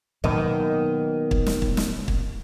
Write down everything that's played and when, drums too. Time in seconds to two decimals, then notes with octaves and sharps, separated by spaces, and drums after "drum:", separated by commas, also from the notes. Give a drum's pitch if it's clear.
0.24 B2 D#3 F#3 A#3
1.31 drum: kick
1.46 drum: snare
1.62 drum: kick
1.77 drum: snare
2.08 drum: kick